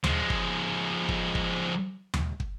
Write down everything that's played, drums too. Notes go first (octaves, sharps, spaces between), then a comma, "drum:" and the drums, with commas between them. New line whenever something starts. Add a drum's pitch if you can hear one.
F3 G#3, drum: tom D#2
drum: kick
drum: kick
drum: kick
drum: tom D#2
drum: kick